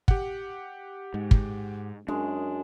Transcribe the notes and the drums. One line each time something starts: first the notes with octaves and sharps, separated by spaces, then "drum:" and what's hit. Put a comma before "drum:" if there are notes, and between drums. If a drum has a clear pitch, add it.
G4 F#5, drum: kick
G#2
drum: kick
F#2 G#3 D4